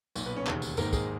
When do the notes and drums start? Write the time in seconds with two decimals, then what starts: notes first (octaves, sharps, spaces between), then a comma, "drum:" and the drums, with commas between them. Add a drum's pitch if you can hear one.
0.16 B1 A#2, drum: tambourine
0.26 B3 B4
0.36 C#4 C#5
0.47 E1 D#2 C#3, drum: clap
0.62 drum: tambourine
0.77 G#1 G#2 D#3 A#3 A#4, drum: tambourine
0.93 G#3 G#4, drum: kick, tambourine